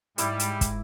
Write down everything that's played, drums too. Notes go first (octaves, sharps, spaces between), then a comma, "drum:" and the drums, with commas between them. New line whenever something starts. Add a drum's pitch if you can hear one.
G#2 G3 E4 D6, drum: hi-hat
drum: hi-hat
drum: kick, hi-hat